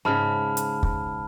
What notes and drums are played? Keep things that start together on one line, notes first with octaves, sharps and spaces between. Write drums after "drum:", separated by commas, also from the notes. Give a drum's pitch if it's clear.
G#2 C#3 A5 B5 F6
drum: hi-hat
drum: kick